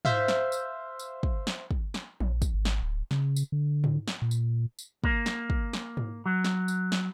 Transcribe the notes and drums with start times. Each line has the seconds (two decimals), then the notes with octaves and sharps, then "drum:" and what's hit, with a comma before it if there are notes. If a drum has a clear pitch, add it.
0.05 C5 E5 F5, drum: tom G#2
0.28 drum: snare
0.52 drum: tambourine
0.99 drum: tambourine
1.23 drum: kick
1.47 drum: snare
1.71 drum: kick
1.94 drum: snare
2.20 A#1, drum: tom F3
2.42 drum: kick, tambourine
2.54 G#1
2.65 drum: snare
2.82 D1
3.11 C#3, drum: snare
3.36 drum: tambourine
3.52 D3
3.84 drum: tom G#2
4.08 drum: snare
4.22 A#2
4.31 drum: tambourine
4.79 drum: tambourine
5.04 A#3, drum: kick
5.26 drum: snare
5.50 drum: kick
5.73 drum: snare
5.97 drum: tom G#2
6.26 F#3
6.45 drum: snare
6.68 drum: tambourine
6.92 drum: snare